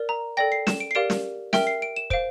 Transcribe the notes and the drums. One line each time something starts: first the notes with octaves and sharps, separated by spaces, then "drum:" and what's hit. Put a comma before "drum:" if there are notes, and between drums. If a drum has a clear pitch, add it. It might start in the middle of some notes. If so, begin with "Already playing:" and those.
Already playing: A#4 D5
A#5
A4 D5 G5 A#6
C7
E7, drum: snare
D7
C7
G4 A#4 D5 F5 D7
drum: snare
A#4 E5 G5 D7, drum: snare
C7
D7
E7
C5 F5 D7, drum: kick